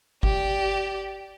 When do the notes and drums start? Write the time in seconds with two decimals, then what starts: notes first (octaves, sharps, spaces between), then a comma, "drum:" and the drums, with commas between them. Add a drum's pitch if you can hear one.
0.23 G4 D5, drum: kick G1